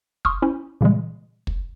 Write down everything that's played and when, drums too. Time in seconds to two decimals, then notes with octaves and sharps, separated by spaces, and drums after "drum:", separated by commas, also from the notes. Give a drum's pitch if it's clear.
0.25 C6 C#6 D#6 F6, drum: kick
0.42 C#4 E4 C5
0.81 A#2 C#3 E3 G3 G#3
1.47 drum: kick